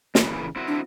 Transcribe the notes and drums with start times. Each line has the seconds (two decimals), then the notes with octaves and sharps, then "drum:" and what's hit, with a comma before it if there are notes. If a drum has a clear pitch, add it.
0.15 A#2 C#3 E3, drum: snare
0.56 C4 E4 F#4
0.68 D4